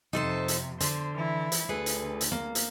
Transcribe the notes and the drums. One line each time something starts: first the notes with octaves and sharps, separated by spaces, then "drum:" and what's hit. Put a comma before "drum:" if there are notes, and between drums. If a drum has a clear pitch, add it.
F2 C3 D#4 A4 C5
drum: hi-hat
D3 C5, drum: hi-hat
E3 E4
drum: hi-hat
D2 G#4 A4 B4
drum: hi-hat
drum: hi-hat
A#3
drum: hi-hat